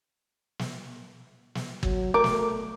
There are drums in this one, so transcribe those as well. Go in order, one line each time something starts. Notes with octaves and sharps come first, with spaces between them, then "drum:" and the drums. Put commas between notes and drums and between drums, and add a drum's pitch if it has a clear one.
drum: snare
drum: snare
F#3, drum: kick G1
A3 A#4 D6
drum: snare